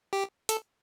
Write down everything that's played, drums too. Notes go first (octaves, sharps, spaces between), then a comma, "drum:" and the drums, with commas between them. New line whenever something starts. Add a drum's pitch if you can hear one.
G4
A4, drum: hi-hat